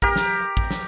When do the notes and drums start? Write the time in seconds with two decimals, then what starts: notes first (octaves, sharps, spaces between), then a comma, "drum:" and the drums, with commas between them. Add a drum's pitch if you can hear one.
0.02 G4 A#4, drum: kick
0.16 drum: snare
0.57 drum: kick
0.71 drum: snare